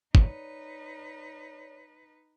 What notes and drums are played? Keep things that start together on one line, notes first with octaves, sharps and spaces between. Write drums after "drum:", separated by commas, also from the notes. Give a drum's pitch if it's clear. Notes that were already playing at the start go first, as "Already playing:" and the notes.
D#4 B4 C#5 D5, drum: kick